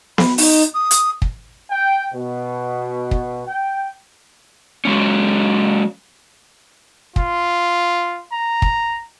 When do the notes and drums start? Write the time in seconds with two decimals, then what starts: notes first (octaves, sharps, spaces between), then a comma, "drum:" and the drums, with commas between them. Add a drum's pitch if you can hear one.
0.18 B5, drum: snare B3
0.38 D#4, drum: open hi-hat
0.74 D#6
0.91 drum: hi-hat
1.22 drum: kick
1.71 G5
2.12 B2
3.11 drum: kick
3.46 G5
4.85 F#3 G#3 C#4
7.16 F4, drum: kick
8.32 A#5
8.62 drum: kick